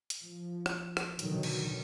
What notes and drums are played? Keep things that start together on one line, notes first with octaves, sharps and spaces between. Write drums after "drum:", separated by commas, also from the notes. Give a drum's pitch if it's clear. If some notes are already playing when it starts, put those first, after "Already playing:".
drum: hi-hat
F3
drum: rim click
drum: rim click
B2 D3 D#3 F#3, drum: hi-hat
drum: cymbal